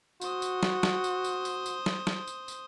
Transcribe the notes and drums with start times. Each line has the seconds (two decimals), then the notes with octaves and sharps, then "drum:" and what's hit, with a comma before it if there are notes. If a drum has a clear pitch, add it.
0.21 F#4 C5 D#6, drum: tambourine
0.42 drum: tambourine
0.63 drum: snare
0.83 drum: snare
1.04 drum: tambourine
1.24 drum: tambourine
1.45 drum: tambourine
1.66 drum: tambourine
1.86 drum: snare
2.07 drum: snare
2.27 drum: tambourine
2.48 drum: tambourine